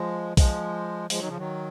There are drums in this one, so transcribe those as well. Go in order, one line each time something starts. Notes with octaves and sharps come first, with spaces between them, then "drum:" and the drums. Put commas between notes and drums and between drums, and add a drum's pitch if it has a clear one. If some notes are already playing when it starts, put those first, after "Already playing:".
Already playing: F3 G#3
F3 G#3, drum: kick, open hi-hat
F3 G#3, drum: open hi-hat
D#3 F#3
C#3 F3
D#3 F#3